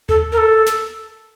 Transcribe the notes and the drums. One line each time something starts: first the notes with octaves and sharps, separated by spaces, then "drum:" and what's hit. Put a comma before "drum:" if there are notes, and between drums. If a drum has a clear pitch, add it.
A4, drum: tom D#2
A#4
A4
drum: snare